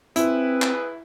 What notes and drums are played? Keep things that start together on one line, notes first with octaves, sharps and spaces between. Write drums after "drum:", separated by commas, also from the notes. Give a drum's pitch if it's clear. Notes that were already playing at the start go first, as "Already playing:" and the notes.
C4 E4 G#4 B4, drum: hi-hat
drum: clap